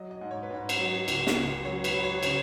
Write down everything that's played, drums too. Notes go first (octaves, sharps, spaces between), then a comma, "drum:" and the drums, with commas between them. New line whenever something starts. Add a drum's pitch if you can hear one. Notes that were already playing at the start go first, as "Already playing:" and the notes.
Already playing: F#3 D#5
D#5
G#2
C#5
B4
G#2 C#5
drum: cymbal
F#3
C#2, drum: cymbal
drum: snare
C#2
F#3 C#5
B4, drum: cymbal
F#3
C#5
C#3 C#5, drum: cymbal